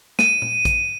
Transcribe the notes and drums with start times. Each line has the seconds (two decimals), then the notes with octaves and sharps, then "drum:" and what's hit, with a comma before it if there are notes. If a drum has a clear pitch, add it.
0.19 D#7, drum: snare
0.42 drum: tom A#2
0.65 drum: kick, hi-hat